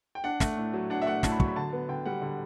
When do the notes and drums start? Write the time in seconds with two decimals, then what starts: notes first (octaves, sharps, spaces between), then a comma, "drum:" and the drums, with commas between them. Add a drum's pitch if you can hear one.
0.15 G5
0.24 D4 F#5
0.40 A3, drum: snare
0.57 A2
0.73 F#3
0.90 D4 F#5
1.02 E5
1.06 A3 F#5
1.23 A2 A5, drum: snare
1.32 B5
1.40 F#3 C#6, drum: kick
1.48 B5
1.56 D3 A5
1.73 B3
1.89 D3 G5
2.06 G3 F#5
2.22 D3